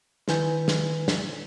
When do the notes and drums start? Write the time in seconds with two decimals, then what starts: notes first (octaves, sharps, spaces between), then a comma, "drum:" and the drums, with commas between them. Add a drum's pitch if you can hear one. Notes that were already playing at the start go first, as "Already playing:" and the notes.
0.28 D#3 E4 B4 G#5 G6, drum: snare
0.68 drum: snare
1.08 drum: snare